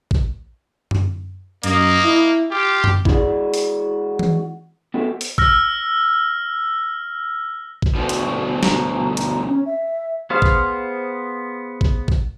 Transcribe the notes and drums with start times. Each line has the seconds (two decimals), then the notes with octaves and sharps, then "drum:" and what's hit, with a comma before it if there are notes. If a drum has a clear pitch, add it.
0.11 drum: kick A1
0.91 drum: tom F#2
1.63 F#2 A#3 D#5, drum: hi-hat
2.04 E4
2.50 F4 G4 D6
2.84 drum: tom F#2
3.05 G#3 E4 F#4 G#4 D5, drum: kick A1
3.54 drum: open hi-hat
4.19 drum: tom E3
4.94 B3 F#4 A4 E5 G5
5.21 drum: open hi-hat
5.38 E6 F6 A#6, drum: kick A1
7.82 drum: kick A1
7.95 D2 B2
8.09 drum: hi-hat
8.63 A#5, drum: snare
9.17 A#5, drum: hi-hat
9.47 C#4
9.66 E5
10.30 B3 G#4 C5 F5 F6
10.42 drum: kick A1
11.81 drum: kick A1
12.08 drum: kick A1